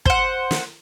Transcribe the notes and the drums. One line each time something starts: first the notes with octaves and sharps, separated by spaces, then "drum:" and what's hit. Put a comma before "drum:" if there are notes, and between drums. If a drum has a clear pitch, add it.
C5 F#5, drum: kick
drum: snare